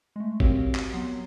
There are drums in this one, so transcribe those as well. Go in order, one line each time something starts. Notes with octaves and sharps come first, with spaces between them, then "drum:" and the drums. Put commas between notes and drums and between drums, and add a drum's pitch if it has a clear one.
G#3 A3
C4 F#4 G4 A#4 C#5 F5, drum: kick
drum: clap
F#3 B3 F#5 C6 C7